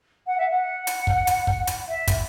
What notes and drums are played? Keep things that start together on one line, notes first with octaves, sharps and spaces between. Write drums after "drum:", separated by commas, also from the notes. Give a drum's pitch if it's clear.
F#5
E5
F#5
drum: hi-hat
drum: kick
drum: hi-hat
drum: kick
drum: hi-hat
E5
drum: kick, hi-hat